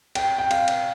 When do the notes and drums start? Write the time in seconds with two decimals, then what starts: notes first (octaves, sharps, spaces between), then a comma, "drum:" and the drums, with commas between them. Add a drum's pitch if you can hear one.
0.15 G5, drum: cymbal
0.38 G5
0.51 F5, drum: cymbal
0.68 drum: cymbal